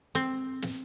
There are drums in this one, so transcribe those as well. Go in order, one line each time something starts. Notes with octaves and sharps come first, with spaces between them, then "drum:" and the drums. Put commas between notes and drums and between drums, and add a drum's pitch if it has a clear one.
C4, drum: hi-hat
drum: snare